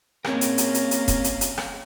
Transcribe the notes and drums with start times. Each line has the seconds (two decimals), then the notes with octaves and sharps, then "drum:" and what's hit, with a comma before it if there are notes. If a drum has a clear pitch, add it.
0.25 A#3 C4 C#4 G#4 A#4, drum: rim click
0.41 drum: hi-hat
0.58 drum: hi-hat
0.74 drum: hi-hat
0.91 drum: hi-hat
1.08 drum: kick E1, hi-hat
1.24 drum: hi-hat
1.41 drum: hi-hat
1.58 drum: rim click